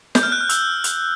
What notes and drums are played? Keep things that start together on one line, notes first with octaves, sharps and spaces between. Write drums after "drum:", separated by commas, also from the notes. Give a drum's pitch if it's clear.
G6, drum: snare
F6
F#6
F6
E6, drum: hi-hat
drum: hi-hat